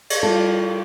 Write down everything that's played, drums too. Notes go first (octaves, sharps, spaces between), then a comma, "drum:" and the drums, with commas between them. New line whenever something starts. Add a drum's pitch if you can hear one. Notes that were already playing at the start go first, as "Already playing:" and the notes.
drum: cymbal
G3 E4 F4 G4 A4